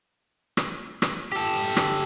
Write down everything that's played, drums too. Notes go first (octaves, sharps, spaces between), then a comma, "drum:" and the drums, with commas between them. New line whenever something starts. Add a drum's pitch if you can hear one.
drum: rim click
drum: rim click
G4 A4
drum: rim click